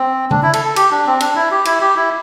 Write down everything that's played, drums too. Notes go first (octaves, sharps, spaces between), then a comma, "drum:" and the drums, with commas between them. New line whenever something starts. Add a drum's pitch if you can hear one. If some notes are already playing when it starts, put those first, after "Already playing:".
Already playing: C4
D4, drum: tom C#3
E4
A4, drum: cymbal
A4
G4, drum: cymbal
D4
C4
D4, drum: cymbal
E4
G4
E4, drum: cymbal
G4
E4